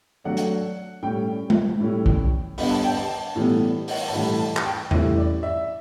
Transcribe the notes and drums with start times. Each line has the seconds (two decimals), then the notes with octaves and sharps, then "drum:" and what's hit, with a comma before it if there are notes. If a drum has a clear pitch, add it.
0.24 F#3 A3 D4 F#5
0.37 drum: hi-hat
1.02 A2 G3 C#4 G5
1.50 drum: tom G#3
1.80 A2 G3 C#4 E4
2.06 drum: kick
2.58 D3 G3 B3 B5, drum: open hi-hat
2.71 A5
2.84 G5
2.97 A5
3.36 A2 E3 G3 B3
3.88 drum: open hi-hat
4.08 A5
4.13 A2 E3 G3 B5
4.39 A5
4.57 drum: clap
4.66 G5
4.91 A2 E3 G3 C#4 E4 E5, drum: tom E2
5.17 D5
5.43 E5